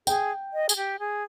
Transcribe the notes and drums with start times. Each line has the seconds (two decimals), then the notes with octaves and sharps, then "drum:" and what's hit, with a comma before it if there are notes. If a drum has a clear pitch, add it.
0.07 G#4 G5, drum: tambourine
0.53 D#5
0.69 G#4, drum: tambourine
0.76 G4
0.99 G#4